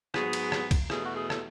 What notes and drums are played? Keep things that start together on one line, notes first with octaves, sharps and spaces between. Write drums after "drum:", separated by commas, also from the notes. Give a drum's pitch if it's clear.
G#2 F#3 B3 G#4, drum: rim click
drum: cymbal
drum: rim click
drum: kick C2, cymbal
E2 B2 A3 G#4, drum: rim click
F#4
G#4
A4, drum: rim click